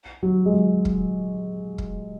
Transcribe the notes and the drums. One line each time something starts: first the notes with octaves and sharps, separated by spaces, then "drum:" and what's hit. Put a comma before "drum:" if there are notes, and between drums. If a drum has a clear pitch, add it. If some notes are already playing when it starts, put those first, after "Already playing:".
F#3
G#3
F#3
drum: kick
drum: kick